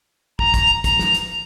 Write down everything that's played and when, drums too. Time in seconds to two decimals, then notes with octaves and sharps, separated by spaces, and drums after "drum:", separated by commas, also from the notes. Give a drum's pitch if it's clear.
0.39 A#5, drum: kick
0.54 drum: kick, hi-hat
0.84 A#5, drum: kick, hi-hat
0.99 drum: snare
1.14 drum: hi-hat